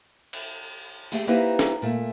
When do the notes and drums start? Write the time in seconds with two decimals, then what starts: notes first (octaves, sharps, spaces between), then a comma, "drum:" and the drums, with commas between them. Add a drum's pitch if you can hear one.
0.33 drum: cymbal
1.12 A3 G4 G#4, drum: open hi-hat
1.27 A#3 C4 D#4 E4 G4 B4
1.59 drum: snare
1.82 A#2 A3